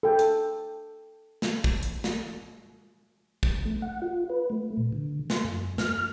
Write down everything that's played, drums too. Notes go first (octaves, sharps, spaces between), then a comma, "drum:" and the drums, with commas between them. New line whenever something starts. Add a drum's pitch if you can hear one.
A4 G5
drum: hi-hat
drum: snare
drum: kick
drum: hi-hat
drum: snare
drum: kick
A3
F#5
F4
B4
A3
A#2
D3
C6, drum: snare
F#2
F6, drum: snare